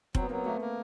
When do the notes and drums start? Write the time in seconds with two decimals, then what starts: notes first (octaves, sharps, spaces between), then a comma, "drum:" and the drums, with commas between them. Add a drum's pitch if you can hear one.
0.15 F#3 C4, drum: kick F1
0.22 B3
0.29 F#3 A#3
0.37 B3
0.46 A3 A#3
0.61 A#3